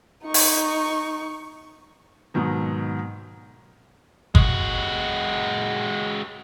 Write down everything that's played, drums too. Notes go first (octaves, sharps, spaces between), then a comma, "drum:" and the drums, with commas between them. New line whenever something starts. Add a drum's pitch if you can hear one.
D#4 C#6
drum: open hi-hat
G#2 B2 D#3 F#3
G#3 F#4, drum: kick G1